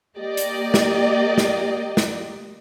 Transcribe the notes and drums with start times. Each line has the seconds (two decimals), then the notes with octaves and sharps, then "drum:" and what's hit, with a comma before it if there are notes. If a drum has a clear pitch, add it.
0.18 A#3 G4 D5 D#5
0.37 drum: hi-hat
0.74 drum: snare
1.38 drum: snare
1.97 drum: snare